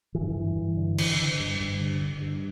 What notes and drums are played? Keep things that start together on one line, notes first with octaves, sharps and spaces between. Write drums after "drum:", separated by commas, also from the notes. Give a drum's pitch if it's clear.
G2 E3
D3
E3
G2
G2
D3
D3, drum: cymbal
D3
G2
G2
D3
D3
G2